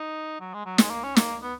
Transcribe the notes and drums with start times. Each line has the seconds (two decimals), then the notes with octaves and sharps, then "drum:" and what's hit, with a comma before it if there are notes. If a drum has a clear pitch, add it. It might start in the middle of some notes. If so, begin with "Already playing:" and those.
Already playing: D#4
0.41 F#3
0.54 G#3
0.66 F#3
0.78 G#3, drum: snare
0.91 A#3
1.04 C#4
1.16 A#3, drum: snare
1.43 B3